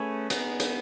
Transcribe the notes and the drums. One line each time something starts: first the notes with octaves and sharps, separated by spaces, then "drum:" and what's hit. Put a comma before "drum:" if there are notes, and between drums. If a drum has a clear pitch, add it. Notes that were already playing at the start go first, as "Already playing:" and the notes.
Already playing: A3 C#4 G#4 B4
B3 D#4 G#4, drum: hi-hat
drum: hi-hat